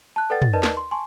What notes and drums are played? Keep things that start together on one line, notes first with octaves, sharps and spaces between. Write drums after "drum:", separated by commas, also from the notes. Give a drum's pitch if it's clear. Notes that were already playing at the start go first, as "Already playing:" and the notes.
A5 F#6
A4 B4 D5 F#5 G5 A6
A6, drum: tom
D#4 A#4 B4 D5 D#5 A5
drum: snare
C6
G#5 A5 C6 C#6